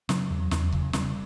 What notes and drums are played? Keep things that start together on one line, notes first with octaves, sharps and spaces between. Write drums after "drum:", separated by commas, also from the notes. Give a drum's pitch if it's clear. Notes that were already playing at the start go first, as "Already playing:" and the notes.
C#3 F#3, drum: snare
E2
E2, drum: snare
C#3, drum: kick C#1
C#3 G3, drum: snare